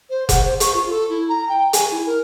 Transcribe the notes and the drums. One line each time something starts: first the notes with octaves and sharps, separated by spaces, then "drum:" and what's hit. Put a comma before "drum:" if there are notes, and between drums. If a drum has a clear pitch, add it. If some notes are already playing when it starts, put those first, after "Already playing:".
C5
F#5, drum: kick F1, hi-hat
C5
C#6, drum: hi-hat
F4
A4
E4
A#5
G5
G#5, drum: hi-hat
E4
A#4